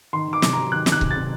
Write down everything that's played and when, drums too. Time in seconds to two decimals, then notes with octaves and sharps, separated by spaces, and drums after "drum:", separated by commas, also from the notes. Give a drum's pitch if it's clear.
0.13 D#3 C6
0.28 D#3 D6
0.42 C3, drum: snare
0.53 F#3 A#5
0.72 D#3 F#6
0.86 D#3, drum: snare
0.92 F#6
1.01 C3, drum: kick C#1
1.11 A6
1.16 C3